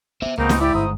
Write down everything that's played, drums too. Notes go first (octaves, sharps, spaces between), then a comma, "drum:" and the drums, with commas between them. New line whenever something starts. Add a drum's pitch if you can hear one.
A#3 B3 C5 E5
C#2 G#2 B2 A#3 C4 D#4
drum: snare
E4 G4 D5
G1 G2 C5 A#5 D#6